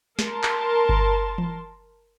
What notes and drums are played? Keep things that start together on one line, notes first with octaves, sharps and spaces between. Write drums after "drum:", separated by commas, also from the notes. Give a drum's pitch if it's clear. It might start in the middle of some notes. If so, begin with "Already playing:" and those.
A#4 A5 C6, drum: snare
drum: clap
drum: kick G1
drum: tom E3